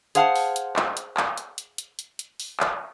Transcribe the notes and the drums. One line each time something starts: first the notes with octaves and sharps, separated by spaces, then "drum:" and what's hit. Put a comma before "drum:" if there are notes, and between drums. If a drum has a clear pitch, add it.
G#4 C5 F5 F#5 A5, drum: hi-hat
drum: open hi-hat
drum: hi-hat
drum: clap
drum: hi-hat
drum: clap
drum: hi-hat
drum: hi-hat
drum: hi-hat
drum: hi-hat
drum: hi-hat
drum: open hi-hat
drum: clap